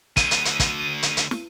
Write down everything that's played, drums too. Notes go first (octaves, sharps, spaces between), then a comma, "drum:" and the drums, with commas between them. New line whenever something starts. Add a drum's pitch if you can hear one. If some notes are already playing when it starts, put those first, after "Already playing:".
D2 D3 D#7, drum: kick, hi-hat
drum: hi-hat
drum: hi-hat
drum: kick, hi-hat
drum: hi-hat
drum: hi-hat
drum: snare